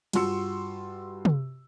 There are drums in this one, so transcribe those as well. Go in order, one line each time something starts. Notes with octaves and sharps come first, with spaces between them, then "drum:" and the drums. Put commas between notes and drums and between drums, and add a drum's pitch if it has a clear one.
G2 F4 F#4 C6 E6 C#7, drum: cymbal
drum: tom